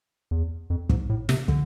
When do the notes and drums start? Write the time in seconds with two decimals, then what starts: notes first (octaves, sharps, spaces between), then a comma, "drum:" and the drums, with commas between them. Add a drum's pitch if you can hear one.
0.31 E2
0.70 F2
0.89 G#2, drum: kick
1.10 A2
1.29 C3, drum: snare
1.48 D3, drum: kick